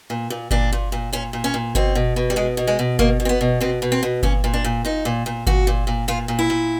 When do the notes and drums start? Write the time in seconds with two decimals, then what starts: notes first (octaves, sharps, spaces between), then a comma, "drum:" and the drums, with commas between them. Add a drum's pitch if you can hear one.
0.10 A#2
0.30 A#2
0.51 A#2 D4, drum: kick G1
0.72 A#2
0.92 A#2
1.13 A#2 C#4
1.33 A#2
1.44 C#4
1.54 A#2
1.75 B2 C4, drum: kick G1
1.95 B2
2.16 B2
2.30 G3
2.36 B2 G#3
2.57 B2
2.67 G#3
2.79 B2
2.99 B2 A#3, drum: kick G1
3.20 B2
3.25 C4
3.29 B3
3.41 B2
3.61 B2 C4
3.82 B2
3.92 C4
4.03 B2
4.23 A#2 C#4, drum: kick G1
4.44 A#2
4.53 D4
4.64 A#2
4.85 A#2 D#4
5.05 A#2
5.26 A#2
5.47 A#2 F#4, drum: kick G1
5.67 A#2
5.87 A#2
6.08 A#2 F4
6.28 A#2
6.39 E4
6.50 A#2